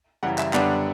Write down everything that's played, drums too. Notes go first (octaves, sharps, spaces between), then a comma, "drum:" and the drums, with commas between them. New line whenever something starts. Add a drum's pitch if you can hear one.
F#2 C#3 E3 G3 F#5
E5, drum: clap
F#2 D3 G3 B3 D4 F#5, drum: clap